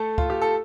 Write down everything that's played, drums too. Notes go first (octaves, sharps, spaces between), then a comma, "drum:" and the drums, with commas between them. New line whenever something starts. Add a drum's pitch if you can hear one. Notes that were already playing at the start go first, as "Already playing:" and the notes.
Already playing: A3 A4
F4, drum: kick C#2
G4
A4